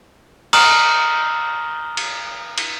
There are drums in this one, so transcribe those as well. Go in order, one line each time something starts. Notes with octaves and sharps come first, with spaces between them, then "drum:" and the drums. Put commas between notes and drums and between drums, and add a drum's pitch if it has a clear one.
A#5 D#6 F6 F#7, drum: cymbal
drum: cymbal
drum: cymbal